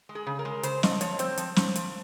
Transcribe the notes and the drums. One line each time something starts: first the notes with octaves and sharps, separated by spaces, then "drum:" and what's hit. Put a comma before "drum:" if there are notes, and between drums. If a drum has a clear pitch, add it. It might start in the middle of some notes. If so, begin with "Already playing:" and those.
G#3
G#4
C#3
A#4
G#3
C#3 C5, drum: hi-hat
F3 D#5, drum: snare
F3 C#5, drum: hi-hat
C4 C5, drum: hi-hat
F3, drum: hi-hat
F3, drum: snare
F3, drum: hi-hat